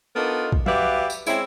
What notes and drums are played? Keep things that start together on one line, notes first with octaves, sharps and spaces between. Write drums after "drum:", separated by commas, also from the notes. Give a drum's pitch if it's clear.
B3 D4 D#4 F4 A4 A#4
drum: kick
F#4 G4 B4 D5 E5 F5, drum: tom F#3
drum: tambourine
G#3 C4 C#4 E4, drum: tambourine